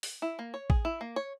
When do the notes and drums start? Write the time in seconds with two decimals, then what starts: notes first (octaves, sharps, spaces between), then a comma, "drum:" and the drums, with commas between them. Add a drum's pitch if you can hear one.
0.03 drum: open hi-hat
0.22 E4
0.39 A#3
0.54 C#5
0.70 G#4, drum: kick A1
0.85 E4
1.01 A#3
1.16 C#5